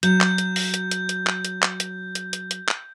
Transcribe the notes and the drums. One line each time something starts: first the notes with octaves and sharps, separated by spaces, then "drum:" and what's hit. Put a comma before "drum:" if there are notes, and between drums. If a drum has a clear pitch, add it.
F#3 G6, drum: hi-hat
drum: clap
drum: hi-hat
drum: open hi-hat
drum: hi-hat
drum: hi-hat
drum: hi-hat
drum: clap
drum: hi-hat
drum: clap
drum: hi-hat
drum: hi-hat
drum: hi-hat
drum: hi-hat
drum: clap